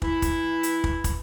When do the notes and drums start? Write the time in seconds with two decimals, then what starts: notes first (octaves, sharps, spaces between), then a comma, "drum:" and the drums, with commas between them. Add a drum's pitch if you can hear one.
0.02 E3 E4, drum: kick
0.22 drum: kick, hi-hat
0.63 drum: hi-hat
0.84 drum: kick
1.04 drum: kick, hi-hat